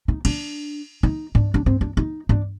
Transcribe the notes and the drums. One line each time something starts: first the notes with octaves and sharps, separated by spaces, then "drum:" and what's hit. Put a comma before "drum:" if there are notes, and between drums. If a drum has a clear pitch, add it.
D#4
D4, drum: cymbal
D#4
D4, drum: tom G2
D4
C4, drum: tom G2
D4
D#4
D4, drum: tom G2